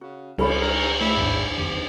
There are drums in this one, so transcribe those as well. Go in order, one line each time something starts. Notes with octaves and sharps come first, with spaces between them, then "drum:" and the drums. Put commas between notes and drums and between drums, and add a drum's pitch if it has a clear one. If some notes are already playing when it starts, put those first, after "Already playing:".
C#3 F#4
C#2 G3 C#4 A4 B5, drum: cymbal
A#4
A3 E4
A1 D#2 G#2 D4 G#5
F#1 F2 D#3 G4